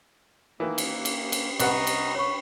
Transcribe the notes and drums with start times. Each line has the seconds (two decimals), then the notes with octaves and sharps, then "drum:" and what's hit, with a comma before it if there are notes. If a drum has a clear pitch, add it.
0.60 D#3 E3 A#3
0.78 drum: cymbal
1.05 drum: cymbal
1.32 drum: cymbal
1.60 C2 B4 D#5 F#5 A#5 C#6, drum: cymbal
1.87 drum: cymbal
2.15 C#5 B5 C#6